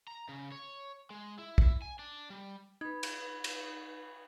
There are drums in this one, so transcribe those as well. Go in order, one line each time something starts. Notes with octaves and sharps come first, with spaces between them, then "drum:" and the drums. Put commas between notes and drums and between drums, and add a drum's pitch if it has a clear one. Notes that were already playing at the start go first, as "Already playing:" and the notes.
A#5
C#3
C#5
G#3
E4
drum: kick A#1
G#5
D4
G3
D#4 B4 B5 G#6
drum: cymbal
drum: cymbal